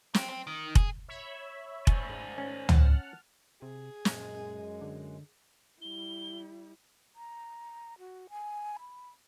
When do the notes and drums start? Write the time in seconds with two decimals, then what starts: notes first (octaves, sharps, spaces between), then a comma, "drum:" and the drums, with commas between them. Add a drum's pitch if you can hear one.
0.14 C4, drum: snare
0.29 C4
0.47 D#3
0.75 G#4, drum: kick F1
1.09 C#5 E5 B5
1.87 C5 D5 G#5, drum: kick F1
2.09 G#2
2.38 C#4
2.69 F#5 A5 F6, drum: tom
3.62 C3 G#4
4.05 F#2 A#2 G#3, drum: snare
4.81 D3
5.82 G3 E4 G7
7.15 A#5
7.99 F#4
8.30 G#5
8.79 B5